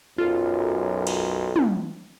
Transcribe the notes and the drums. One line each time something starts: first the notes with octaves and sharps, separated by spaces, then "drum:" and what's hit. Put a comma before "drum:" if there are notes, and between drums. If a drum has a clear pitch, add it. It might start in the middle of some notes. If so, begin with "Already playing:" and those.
B1 F#2 F4 A4
drum: cymbal
drum: tom